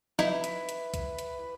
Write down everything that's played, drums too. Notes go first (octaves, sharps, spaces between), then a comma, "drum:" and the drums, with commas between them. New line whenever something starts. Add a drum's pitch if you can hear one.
D#4 E4 B4, drum: snare
drum: hi-hat
drum: hi-hat
drum: kick C2, hi-hat
drum: hi-hat